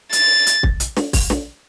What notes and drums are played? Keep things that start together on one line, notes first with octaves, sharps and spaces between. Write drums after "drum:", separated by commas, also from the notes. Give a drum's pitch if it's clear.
A6, drum: hi-hat
drum: hi-hat
drum: kick
drum: hi-hat
drum: snare
drum: kick, open hi-hat
drum: snare